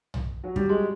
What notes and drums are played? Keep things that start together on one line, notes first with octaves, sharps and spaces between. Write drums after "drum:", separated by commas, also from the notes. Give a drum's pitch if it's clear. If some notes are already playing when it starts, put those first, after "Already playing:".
drum: tom
F#3
G3, drum: kick
G#3